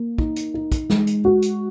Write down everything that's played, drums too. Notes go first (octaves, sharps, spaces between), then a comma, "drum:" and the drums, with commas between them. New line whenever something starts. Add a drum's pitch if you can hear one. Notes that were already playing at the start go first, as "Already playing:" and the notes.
Already playing: A#3
D#4, drum: kick
drum: hi-hat
D#4
drum: kick, hi-hat
G#3, drum: snare
drum: hi-hat
F#4
drum: hi-hat